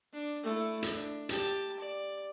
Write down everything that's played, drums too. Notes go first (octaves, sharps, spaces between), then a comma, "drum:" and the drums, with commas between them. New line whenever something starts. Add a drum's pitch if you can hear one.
D4
A3 E4
drum: hi-hat
D4
G4 A5, drum: hi-hat
D5